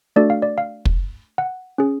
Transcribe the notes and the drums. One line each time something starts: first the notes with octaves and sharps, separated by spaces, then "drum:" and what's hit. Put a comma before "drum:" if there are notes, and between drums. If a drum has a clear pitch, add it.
A3 D4 F#4 A4 D5
F5
D5
F5
drum: kick
F#5
C#4 G#4